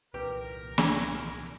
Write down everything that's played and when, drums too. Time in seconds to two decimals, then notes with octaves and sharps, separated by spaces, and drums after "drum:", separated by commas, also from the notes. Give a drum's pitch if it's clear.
0.14 C2 A#2 E3 G4 A#4 B4
0.78 G#4, drum: snare